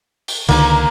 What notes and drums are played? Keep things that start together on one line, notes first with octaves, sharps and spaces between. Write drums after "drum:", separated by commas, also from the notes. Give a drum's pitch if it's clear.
drum: open hi-hat
C#2 D3 D#3 A#3 A#5, drum: cymbal